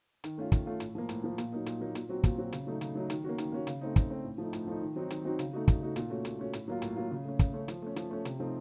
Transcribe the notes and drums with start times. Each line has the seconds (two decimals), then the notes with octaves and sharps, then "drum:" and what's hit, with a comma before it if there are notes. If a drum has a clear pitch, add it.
0.24 D#3, drum: hi-hat
0.38 A3 C#4 F4
0.52 D#3, drum: kick, hi-hat
0.66 A3 C#4 F4
0.80 A2, drum: hi-hat
0.95 F3 A#3
1.09 A2, drum: hi-hat
1.24 F3 A#3
1.38 A#2, drum: hi-hat
1.52 F#3 A#3 D#4
1.66 A#2, drum: hi-hat
1.81 F#3 A#3 D#4
1.95 A#2, drum: hi-hat
2.09 F#3 C4 F#4
2.24 A#2, drum: kick, hi-hat
2.38 F#3 C4 F#4
2.53 C#3, drum: hi-hat
2.67 F#3 A3 D#4
2.81 C#3, drum: hi-hat
2.96 F#3 A3 D#4
3.10 D#3, drum: hi-hat
3.24 A#3 C#4 F#4
3.38 D#3, drum: hi-hat
3.52 A#3 C#4 F#4
3.67 C#3, drum: hi-hat
3.81 A3 C4 D#4
3.96 C#3, drum: kick, hi-hat
4.10 A3 C4 D#4
4.24 A2
4.38 F3 A3 D#4
4.53 A2, drum: hi-hat
4.67 F3 A3 D#4
4.81 D#3
4.96 F#3 C4 D#4 F#4
5.11 D#3, drum: hi-hat
5.25 F#3 C4 D#4 F#4
5.39 C#3, drum: hi-hat
5.53 A3 D#4 F#4
5.68 C#3, drum: kick, hi-hat
5.82 A3 D#4 F#4
5.96 A#2, drum: hi-hat
6.10 A3 C#4 F#4
6.25 A#2, drum: hi-hat
6.39 A3 C#4 F#4
6.53 A2, drum: hi-hat
6.68 F#3 A#3 F4
6.82 A2, drum: hi-hat
6.96 F#3 A#3 F4
7.11 C#3
7.25 A3 C#4
7.39 C#3, drum: kick, hi-hat
7.53 A3 C#4
7.68 F3, drum: hi-hat
7.82 A3 C#4
7.96 F3, drum: hi-hat
8.11 A3 C#4
8.25 C3, drum: hi-hat
8.40 F3 A3 C4 D#4